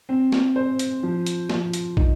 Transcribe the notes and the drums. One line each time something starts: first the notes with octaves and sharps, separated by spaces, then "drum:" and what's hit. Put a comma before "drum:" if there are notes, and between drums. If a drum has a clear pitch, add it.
C4
drum: snare
C5
drum: hi-hat
F3
drum: hi-hat
F3, drum: snare
drum: hi-hat
D#4, drum: kick